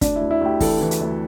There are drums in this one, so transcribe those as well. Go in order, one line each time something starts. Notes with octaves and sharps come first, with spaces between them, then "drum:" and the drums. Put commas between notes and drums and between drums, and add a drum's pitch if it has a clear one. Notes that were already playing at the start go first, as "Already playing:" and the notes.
D2 D4, drum: kick, hi-hat
E4
D2
E4
D2 G4
E3 A4, drum: kick, open hi-hat
E3
drum: hi-hat
D2